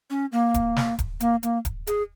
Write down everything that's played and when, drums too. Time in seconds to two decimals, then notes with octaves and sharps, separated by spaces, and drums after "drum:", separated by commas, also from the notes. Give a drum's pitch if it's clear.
0.10 C#4
0.32 A#3
0.54 drum: kick D1, hi-hat
0.76 drum: snare
0.99 drum: kick D1, hi-hat
1.20 A#3, drum: hi-hat
1.43 A#3, drum: hi-hat
1.65 drum: kick D1, hi-hat
1.87 G#4, drum: hi-hat